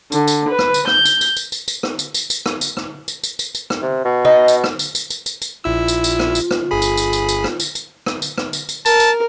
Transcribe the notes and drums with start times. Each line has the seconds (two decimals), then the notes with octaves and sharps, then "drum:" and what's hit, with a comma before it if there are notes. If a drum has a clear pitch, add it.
0.12 D3, drum: tambourine
0.28 drum: tambourine
0.49 B4
0.59 drum: rim click
0.74 drum: tambourine
0.87 G6, drum: rim click
1.05 drum: tambourine
1.21 drum: tambourine
1.37 drum: tambourine
1.52 drum: tambourine
1.68 drum: tambourine
1.83 drum: rim click
1.99 drum: tambourine
2.14 drum: tambourine
2.30 drum: tambourine
2.46 drum: rim click
2.61 drum: tambourine
2.77 drum: rim click
3.08 drum: tambourine
3.24 drum: tambourine
3.39 drum: tambourine
3.55 drum: tambourine
3.70 drum: rim click
3.82 C3
4.05 B2
4.25 D#4
4.48 drum: tambourine
4.64 drum: rim click
4.79 drum: tambourine
4.95 drum: tambourine
5.10 drum: tambourine
5.26 drum: tambourine
5.42 drum: tambourine
5.64 A#1 E4 F4 E6
5.88 drum: tambourine
6.04 drum: tambourine
6.20 drum: rim click
6.35 drum: tambourine
6.51 drum: rim click
6.71 G1 G#4 B5
6.82 drum: tambourine
6.97 drum: tambourine
7.13 drum: tambourine
7.29 drum: tambourine
7.44 drum: rim click
7.60 drum: tambourine
7.75 drum: tambourine
8.06 drum: rim click
8.22 drum: tambourine
8.38 drum: rim click
8.53 drum: tambourine
8.69 drum: tambourine
8.86 A#4 A5, drum: tambourine
9.00 drum: tambourine